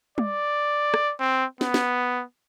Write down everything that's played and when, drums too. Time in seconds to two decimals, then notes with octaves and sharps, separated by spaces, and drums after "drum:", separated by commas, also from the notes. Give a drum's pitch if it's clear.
0.18 D5, drum: tom
0.94 drum: rim click
1.20 C4
1.61 B3, drum: snare
1.74 drum: snare